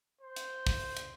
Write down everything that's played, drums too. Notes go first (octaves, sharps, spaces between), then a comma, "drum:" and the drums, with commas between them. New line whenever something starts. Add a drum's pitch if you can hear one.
C5
drum: hi-hat
drum: kick, open hi-hat
drum: hi-hat